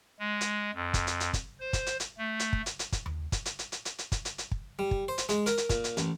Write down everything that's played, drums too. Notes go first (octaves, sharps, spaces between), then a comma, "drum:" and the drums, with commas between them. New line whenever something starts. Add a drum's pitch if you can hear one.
G#3
drum: hi-hat
F2
drum: kick, hi-hat
drum: hi-hat
drum: hi-hat
drum: kick, hi-hat
C5
drum: kick, hi-hat
drum: hi-hat
drum: hi-hat
A3
drum: hi-hat
drum: kick
drum: hi-hat
drum: hi-hat
drum: kick, hi-hat
drum: tom D#2
drum: kick, hi-hat
drum: hi-hat
drum: hi-hat
drum: hi-hat
drum: hi-hat
drum: hi-hat
drum: kick, hi-hat
drum: hi-hat
drum: hi-hat
drum: kick
G3
drum: kick
C5
drum: hi-hat
G#3, drum: hi-hat
A#4, drum: hi-hat
drum: hi-hat
A#2, drum: kick, hi-hat
drum: hi-hat
A1, drum: hi-hat